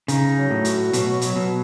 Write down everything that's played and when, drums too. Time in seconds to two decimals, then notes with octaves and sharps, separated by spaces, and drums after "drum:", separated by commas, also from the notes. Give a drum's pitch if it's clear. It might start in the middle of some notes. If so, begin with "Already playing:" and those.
0.08 C#3 D#4, drum: hi-hat
0.37 F#3
0.51 A2
0.65 F#4, drum: hi-hat
0.93 B2 F#3, drum: hi-hat
1.21 F#3, drum: hi-hat
1.36 B2